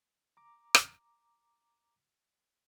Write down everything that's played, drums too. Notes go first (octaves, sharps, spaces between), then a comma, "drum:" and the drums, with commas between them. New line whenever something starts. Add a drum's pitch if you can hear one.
A#5 D6
drum: rim click